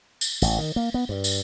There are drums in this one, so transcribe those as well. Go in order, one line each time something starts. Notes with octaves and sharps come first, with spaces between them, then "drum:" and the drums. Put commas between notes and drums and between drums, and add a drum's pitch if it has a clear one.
drum: tambourine
A1, drum: tambourine
D#3
A#3
B3
G2
drum: tambourine